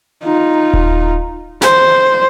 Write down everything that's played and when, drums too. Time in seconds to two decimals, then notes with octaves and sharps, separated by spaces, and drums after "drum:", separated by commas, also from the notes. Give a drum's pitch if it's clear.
0.24 D#4 F4
0.73 drum: kick D#1
1.62 C5, drum: snare